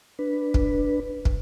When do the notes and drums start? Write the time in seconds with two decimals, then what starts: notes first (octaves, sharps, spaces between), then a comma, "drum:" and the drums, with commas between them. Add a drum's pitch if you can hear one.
0.19 D4 B4
0.54 drum: kick
1.25 drum: kick